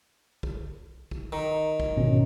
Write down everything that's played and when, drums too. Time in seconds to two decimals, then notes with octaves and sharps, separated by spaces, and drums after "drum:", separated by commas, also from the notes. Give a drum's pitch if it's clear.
0.43 drum: kick
1.11 drum: kick
1.32 D#3
1.80 drum: kick
1.97 G#1 B2 C#4